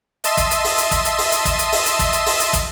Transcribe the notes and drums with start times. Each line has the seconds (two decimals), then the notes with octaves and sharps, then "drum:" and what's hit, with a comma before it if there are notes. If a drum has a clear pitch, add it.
0.24 D#5 E5 A5 C6 E6 D#7, drum: hi-hat
0.37 drum: kick, hi-hat
0.51 drum: hi-hat
0.64 drum: open hi-hat
0.78 drum: hi-hat
0.91 drum: kick, hi-hat
1.05 drum: hi-hat
1.18 drum: open hi-hat
1.32 drum: hi-hat
1.45 drum: kick, hi-hat
1.59 drum: hi-hat
1.72 drum: open hi-hat
1.86 drum: hi-hat
1.99 drum: kick, hi-hat
2.13 drum: hi-hat
2.26 drum: open hi-hat
2.40 drum: hi-hat
2.53 drum: kick, hi-hat